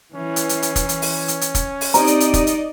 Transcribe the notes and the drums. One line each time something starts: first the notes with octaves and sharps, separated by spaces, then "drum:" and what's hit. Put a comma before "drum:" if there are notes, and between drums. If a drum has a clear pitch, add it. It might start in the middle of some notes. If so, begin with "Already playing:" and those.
E3 C#4
drum: hi-hat
drum: hi-hat
drum: hi-hat
drum: kick, hi-hat
drum: hi-hat
drum: open hi-hat
drum: hi-hat
drum: hi-hat
drum: kick, hi-hat
drum: open hi-hat
C4 D#4 G4 D5 D#5 A#5, drum: hi-hat
drum: hi-hat
drum: hi-hat
drum: kick, hi-hat
drum: hi-hat